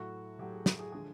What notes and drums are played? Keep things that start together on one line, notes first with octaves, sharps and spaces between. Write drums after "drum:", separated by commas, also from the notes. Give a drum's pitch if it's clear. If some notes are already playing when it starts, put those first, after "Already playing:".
Already playing: A2 F#3 A3 F#4
A2 F#3 A3 G4
G#4
G#4, drum: snare
G#4
D3 F3 G#3 G#4